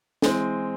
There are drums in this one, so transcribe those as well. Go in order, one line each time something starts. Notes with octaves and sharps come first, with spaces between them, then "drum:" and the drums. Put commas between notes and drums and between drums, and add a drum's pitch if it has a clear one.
E3 G#3 C4, drum: snare